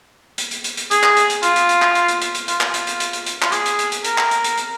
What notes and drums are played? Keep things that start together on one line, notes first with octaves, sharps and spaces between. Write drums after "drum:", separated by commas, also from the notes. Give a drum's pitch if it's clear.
drum: hi-hat
drum: hi-hat
drum: hi-hat
drum: hi-hat
G#4, drum: hi-hat
drum: clap
drum: hi-hat
drum: hi-hat
F4, drum: hi-hat
drum: hi-hat
drum: hi-hat
drum: clap
drum: hi-hat
drum: hi-hat
drum: hi-hat
drum: hi-hat
F4, drum: hi-hat
drum: clap
drum: hi-hat
drum: hi-hat
drum: hi-hat
drum: hi-hat
drum: hi-hat
F4, drum: clap
G#4, drum: hi-hat
drum: hi-hat
drum: hi-hat
drum: hi-hat
A#4, drum: hi-hat
drum: clap
drum: hi-hat
drum: hi-hat
drum: hi-hat